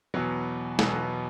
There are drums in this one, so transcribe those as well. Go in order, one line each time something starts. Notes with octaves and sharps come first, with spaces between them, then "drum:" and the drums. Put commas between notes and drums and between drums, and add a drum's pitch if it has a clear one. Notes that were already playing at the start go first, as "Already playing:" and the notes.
E2 B2 F#3 B3
E2 B2 F#3 B3, drum: snare